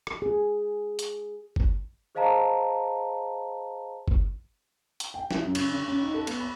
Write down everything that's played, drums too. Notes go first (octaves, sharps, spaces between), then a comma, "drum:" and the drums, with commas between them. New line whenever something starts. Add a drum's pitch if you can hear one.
drum: rim click
G#4
drum: hi-hat
drum: kick F#1
G#4 C5 D#5 F5 A5 A#5
drum: kick F#1
drum: hi-hat
G5
E4, drum: snare
F#2
C#3, drum: cymbal
D3
C#4
D#4
A4
B3, drum: cymbal
B5